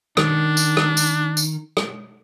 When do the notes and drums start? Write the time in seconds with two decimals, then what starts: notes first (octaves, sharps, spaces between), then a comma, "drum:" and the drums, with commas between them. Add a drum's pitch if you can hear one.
0.17 D#3 D4, drum: rim click
0.57 drum: tambourine
0.77 drum: rim click
0.97 drum: tambourine
1.37 drum: tambourine
1.77 drum: rim click